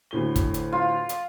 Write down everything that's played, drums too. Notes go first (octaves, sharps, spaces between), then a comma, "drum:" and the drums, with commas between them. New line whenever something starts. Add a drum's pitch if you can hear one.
D2 A2 G7
drum: kick, hi-hat
drum: hi-hat
F4
drum: hi-hat